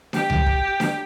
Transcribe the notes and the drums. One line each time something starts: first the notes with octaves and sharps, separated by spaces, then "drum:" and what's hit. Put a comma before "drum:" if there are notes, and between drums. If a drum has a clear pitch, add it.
G4, drum: snare D4
drum: tom C#2
drum: kick
drum: snare D4